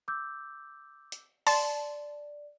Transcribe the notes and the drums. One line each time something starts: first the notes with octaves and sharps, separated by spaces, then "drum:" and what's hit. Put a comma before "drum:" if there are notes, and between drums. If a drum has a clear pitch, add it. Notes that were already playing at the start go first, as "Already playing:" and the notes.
D6 E6 G6
drum: hi-hat
D5 A5 C6, drum: open hi-hat